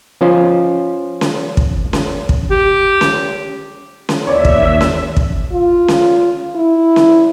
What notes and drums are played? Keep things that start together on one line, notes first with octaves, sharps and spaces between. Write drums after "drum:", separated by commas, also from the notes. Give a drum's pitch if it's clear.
F3 C#4 F4 C5
drum: snare C#4
drum: kick
drum: snare C#4
drum: kick
G4
drum: snare C#4
drum: snare C#4
D#2 C#5 D5 E5
drum: kick
drum: snare C#4
drum: kick
F4
drum: snare C#4
E4
drum: snare C#4